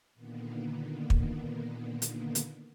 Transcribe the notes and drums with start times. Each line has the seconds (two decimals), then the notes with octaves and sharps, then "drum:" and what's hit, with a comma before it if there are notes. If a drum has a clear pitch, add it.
0.15 A#2 D3 D#3 A#3 B3
1.10 drum: kick
2.02 drum: hi-hat
2.35 drum: hi-hat